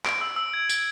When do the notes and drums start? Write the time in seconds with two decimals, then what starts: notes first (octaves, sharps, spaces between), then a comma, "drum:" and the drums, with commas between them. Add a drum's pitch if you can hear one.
0.05 D7, drum: clap
0.21 E6
0.36 E6
0.54 G#6
0.69 D7, drum: tambourine